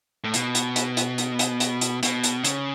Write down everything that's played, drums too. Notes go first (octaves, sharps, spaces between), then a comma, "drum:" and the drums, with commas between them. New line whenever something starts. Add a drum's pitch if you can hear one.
A2
B2, drum: hi-hat
drum: hi-hat
drum: hi-hat
drum: hi-hat
drum: hi-hat
drum: hi-hat
drum: hi-hat
drum: hi-hat
B2, drum: hi-hat
drum: hi-hat
C#3, drum: hi-hat